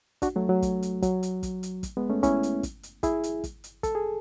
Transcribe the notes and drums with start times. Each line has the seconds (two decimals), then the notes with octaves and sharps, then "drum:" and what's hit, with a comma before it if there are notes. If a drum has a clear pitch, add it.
0.22 D4 F#4, drum: kick, hi-hat
0.36 F#3 A3
0.49 F#3
0.62 drum: kick, hi-hat
0.83 drum: hi-hat
1.02 F#3, drum: kick, hi-hat
1.23 drum: hi-hat
1.43 drum: kick, hi-hat
1.63 drum: hi-hat
1.83 drum: kick, hi-hat
1.97 G#3 B3
2.10 A3 C#4
2.23 C#4 E4, drum: kick, hi-hat
2.43 drum: hi-hat
2.63 drum: kick, hi-hat
2.83 drum: hi-hat
3.03 E4 G#4, drum: kick, hi-hat
3.24 drum: hi-hat
3.44 drum: kick, hi-hat
3.64 drum: hi-hat
3.83 A4, drum: kick, hi-hat
3.95 G#4